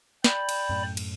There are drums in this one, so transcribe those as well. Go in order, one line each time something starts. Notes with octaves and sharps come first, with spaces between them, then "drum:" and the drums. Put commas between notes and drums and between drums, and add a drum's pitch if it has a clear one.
D5 G5 B5, drum: snare
drum: cymbal
F#2 A2
drum: cymbal